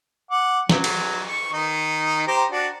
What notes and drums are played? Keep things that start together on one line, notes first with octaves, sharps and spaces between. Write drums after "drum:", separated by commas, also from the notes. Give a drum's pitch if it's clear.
F#5 D6
F#3, drum: snare
drum: cymbal
C#6
D#3 D#4
G4 C5 A#5
D4 F#4